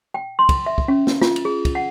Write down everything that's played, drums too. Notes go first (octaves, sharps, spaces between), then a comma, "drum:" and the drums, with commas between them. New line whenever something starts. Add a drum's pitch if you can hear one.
G5
C6
drum: kick, cymbal
E5
drum: kick
C#4
drum: snare
F4, drum: snare
drum: cymbal
G#4
drum: kick, cymbal
F#5